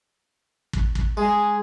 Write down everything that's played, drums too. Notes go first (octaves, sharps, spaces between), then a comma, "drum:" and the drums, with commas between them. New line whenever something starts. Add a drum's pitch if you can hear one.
drum: kick
drum: kick
G#3 G#4